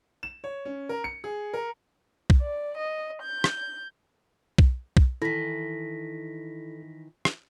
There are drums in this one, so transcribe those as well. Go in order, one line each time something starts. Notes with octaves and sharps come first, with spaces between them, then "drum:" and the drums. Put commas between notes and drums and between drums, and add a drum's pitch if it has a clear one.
E7
C#5
C#4
A#4
C#7
G#4
A#4
drum: kick B1
D5
D#5
G6
drum: rim click
drum: kick B1
drum: kick B1
D#3 E3 E4 A4 A#6 B6
drum: rim click